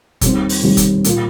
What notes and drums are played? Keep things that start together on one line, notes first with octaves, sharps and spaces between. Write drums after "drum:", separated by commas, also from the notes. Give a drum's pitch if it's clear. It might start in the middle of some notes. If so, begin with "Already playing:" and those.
D#2 D#3 G3 C4, drum: kick F#1, hi-hat
drum: open hi-hat
D#2 D#3 G3 C4
drum: kick F#1, hi-hat
A#2 A#3 F4, drum: hi-hat